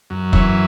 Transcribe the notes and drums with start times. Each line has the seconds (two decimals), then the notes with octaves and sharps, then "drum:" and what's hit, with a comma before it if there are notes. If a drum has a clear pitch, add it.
0.10 F#2
0.33 E3 C#4, drum: kick